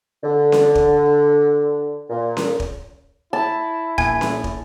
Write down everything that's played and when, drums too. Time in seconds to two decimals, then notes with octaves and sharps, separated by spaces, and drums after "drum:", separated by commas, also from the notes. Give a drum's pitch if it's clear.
0.24 D3
0.52 drum: snare C#4
0.75 drum: kick
2.10 A#2
2.37 drum: snare C#4
2.60 drum: kick
3.33 E4 A5
3.98 A#1 G#5 G#6, drum: kick
4.21 drum: snare C#4
4.44 drum: kick